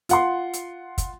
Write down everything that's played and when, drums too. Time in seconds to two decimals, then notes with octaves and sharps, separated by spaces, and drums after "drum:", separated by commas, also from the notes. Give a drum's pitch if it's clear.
0.09 F4 F#5 C6, drum: hi-hat
0.53 drum: hi-hat
0.98 drum: kick, hi-hat